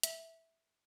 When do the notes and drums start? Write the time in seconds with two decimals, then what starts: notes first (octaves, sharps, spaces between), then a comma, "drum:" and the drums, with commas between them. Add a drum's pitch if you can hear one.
0.03 E5, drum: hi-hat